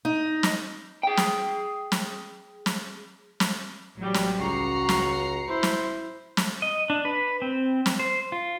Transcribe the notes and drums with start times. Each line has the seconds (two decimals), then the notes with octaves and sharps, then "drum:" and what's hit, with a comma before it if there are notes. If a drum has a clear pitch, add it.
0.05 D#4
0.43 drum: snare
1.03 G#4 G5
1.17 drum: snare
1.92 drum: snare
2.66 drum: snare
3.40 drum: snare
3.96 A1 F#3 G3
4.14 drum: snare
4.39 C#2 F#4 A#5 C7 C#7
4.89 drum: snare
5.48 E4 C5
5.63 drum: snare
6.37 drum: snare
6.62 D#5
6.90 D4
7.05 B4
7.42 C4
7.86 drum: snare
7.99 C5
8.32 F4